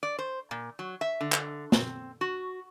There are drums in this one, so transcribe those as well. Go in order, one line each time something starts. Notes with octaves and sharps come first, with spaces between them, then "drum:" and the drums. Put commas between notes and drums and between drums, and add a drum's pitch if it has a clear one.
D5
C5
A#2
F#3
E5
D3
drum: clap
C4, drum: snare
F#4